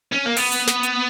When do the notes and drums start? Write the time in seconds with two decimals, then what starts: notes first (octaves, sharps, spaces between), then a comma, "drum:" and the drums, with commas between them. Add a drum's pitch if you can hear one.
0.12 C#4
0.25 A#3
0.37 B3, drum: open hi-hat
0.52 drum: hi-hat
0.67 drum: snare
0.83 drum: hi-hat